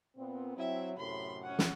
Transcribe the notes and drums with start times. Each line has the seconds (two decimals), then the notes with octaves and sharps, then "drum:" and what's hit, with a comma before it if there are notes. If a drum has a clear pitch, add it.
0.17 A#2 B3 C4
0.57 F#3 C4 E4 E5
0.97 F#2 A2 C3 B5 C6
1.42 C#4 F#5
1.59 drum: snare